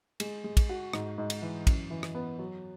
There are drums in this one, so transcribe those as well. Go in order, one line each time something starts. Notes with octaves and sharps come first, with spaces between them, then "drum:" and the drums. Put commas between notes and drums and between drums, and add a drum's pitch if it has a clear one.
G#3, drum: cymbal
G#3
drum: kick, cymbal
F#4
G#2, drum: rim click
G#2
drum: cymbal
E3
F#2, drum: kick, cymbal
E3
drum: rim click
B3
F#3